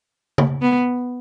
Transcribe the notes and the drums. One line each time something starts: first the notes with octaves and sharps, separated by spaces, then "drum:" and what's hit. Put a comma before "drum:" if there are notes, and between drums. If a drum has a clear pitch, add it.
drum: tom C#3
B3